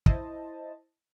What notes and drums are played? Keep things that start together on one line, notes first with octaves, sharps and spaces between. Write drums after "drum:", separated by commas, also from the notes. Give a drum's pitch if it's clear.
E4 C5 D#5 A5, drum: kick